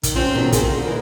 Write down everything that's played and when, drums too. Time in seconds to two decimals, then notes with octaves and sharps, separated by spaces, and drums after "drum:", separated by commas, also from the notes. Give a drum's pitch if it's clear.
0.03 D#3, drum: kick, hi-hat
0.15 C3 C4 C#4 F4
0.35 E2 B2 D#3
0.52 D#3 F4 G#4 A#4, drum: kick, hi-hat
0.71 D3 F3
0.86 E3 A#4 D#5